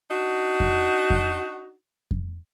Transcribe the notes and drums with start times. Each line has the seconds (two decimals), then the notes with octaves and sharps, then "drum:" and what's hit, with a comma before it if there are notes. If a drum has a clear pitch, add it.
0.10 D4 D#4 F#4
0.60 drum: kick F2
1.10 drum: kick F2
2.11 drum: kick F2